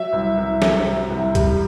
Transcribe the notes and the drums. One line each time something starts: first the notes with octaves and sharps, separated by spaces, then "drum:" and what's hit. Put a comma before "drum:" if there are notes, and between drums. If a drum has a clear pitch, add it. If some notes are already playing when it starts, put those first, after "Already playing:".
Already playing: F#3 E5
C2
C2
C3, drum: snare
F#3
C2
G3, drum: kick C2, hi-hat